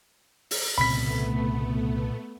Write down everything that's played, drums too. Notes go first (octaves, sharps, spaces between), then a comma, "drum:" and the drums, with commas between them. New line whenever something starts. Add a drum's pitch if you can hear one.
drum: open hi-hat
C2 A#2 C#3 A3 B3 C4 B5 B6